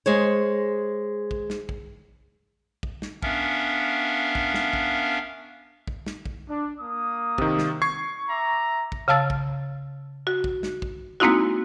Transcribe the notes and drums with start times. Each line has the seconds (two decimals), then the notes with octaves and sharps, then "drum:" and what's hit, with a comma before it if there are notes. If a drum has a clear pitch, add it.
0.06 G#3 C5 C#5
1.31 drum: kick
1.50 drum: snare
1.69 drum: kick
2.83 drum: kick
3.02 drum: snare
3.23 B3 C#4 D4 A#4 E5 F5, drum: kick
4.35 drum: kick
4.54 drum: snare
4.73 drum: kick
5.87 drum: kick
6.06 drum: snare
6.26 drum: kick
6.49 D4
6.79 A#3 D#6
7.38 C3 D#3, drum: kick
7.59 drum: snare
7.82 C#6 G#6 C7
8.28 E5 A#5 D6
8.92 drum: kick
9.08 C#3 F5 A5 E6 A6
9.30 drum: kick
10.27 F#4
10.44 drum: kick
10.63 drum: snare
10.82 drum: kick
11.20 G#3 A#3 C4 D#4 E4 F#4